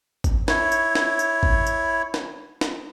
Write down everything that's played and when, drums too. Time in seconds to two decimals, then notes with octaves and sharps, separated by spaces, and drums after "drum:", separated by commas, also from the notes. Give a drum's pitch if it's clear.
0.24 drum: kick G#1, tambourine
0.48 E4 C#5, drum: snare
0.72 drum: tambourine
0.95 drum: snare
1.19 drum: tambourine
1.43 drum: kick G#1
1.67 drum: tambourine
2.14 drum: snare
2.61 drum: snare